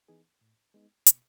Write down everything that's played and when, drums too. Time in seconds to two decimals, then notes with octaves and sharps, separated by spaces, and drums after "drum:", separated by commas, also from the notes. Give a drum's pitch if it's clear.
0.08 E3 B3 D#4 G#4
0.41 A2
0.74 G#3 B3 D#4
1.06 B2, drum: hi-hat